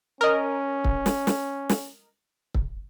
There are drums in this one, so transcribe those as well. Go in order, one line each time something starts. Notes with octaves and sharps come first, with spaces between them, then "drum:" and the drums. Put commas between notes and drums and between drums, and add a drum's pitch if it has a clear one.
C#4 A#4 D#5
drum: kick
drum: snare
drum: snare
drum: snare
drum: kick